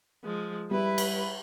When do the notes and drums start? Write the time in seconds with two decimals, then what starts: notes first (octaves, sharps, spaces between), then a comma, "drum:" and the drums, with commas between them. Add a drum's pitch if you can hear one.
0.24 F3 G#3
0.71 G3 E4 B4
0.98 drum: cymbal